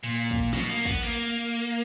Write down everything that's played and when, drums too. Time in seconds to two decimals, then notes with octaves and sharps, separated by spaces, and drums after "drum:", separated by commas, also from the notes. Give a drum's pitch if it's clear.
0.03 A#2
0.31 drum: kick
0.53 B2, drum: snare
0.70 A#3
0.85 B3, drum: kick
1.02 A#3